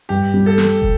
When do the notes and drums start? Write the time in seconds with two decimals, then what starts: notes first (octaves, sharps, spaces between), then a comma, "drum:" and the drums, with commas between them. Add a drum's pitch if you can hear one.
0.09 G2 G4
0.34 G3
0.46 A4
0.58 drum: snare
0.82 drum: kick